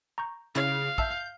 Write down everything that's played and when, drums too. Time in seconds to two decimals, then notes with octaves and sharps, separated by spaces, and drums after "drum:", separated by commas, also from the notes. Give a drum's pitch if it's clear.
0.18 A#5 C#6 G6
0.55 C#3 C#4 E4 C#5 F5, drum: hi-hat
0.98 E5 A5 E6 G6, drum: kick